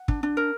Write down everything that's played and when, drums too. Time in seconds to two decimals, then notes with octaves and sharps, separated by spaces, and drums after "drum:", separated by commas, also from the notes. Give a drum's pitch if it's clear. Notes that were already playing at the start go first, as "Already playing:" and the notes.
Already playing: F#5
0.08 D4, drum: kick
0.23 D4
0.37 A#4